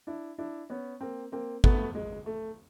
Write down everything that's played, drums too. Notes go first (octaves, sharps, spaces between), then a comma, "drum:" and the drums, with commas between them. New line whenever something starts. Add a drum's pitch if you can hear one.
D4 E4
D4 E4
B3 C#4
A#3 C4
A#3 C4
A3 B3, drum: kick G#1
G#3
A3